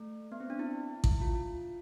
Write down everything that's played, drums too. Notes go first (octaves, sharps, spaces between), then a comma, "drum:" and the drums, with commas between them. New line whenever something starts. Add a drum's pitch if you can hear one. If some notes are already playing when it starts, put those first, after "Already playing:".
Already playing: A3
B3
C4
D4
E4
E4, drum: kick A1
F4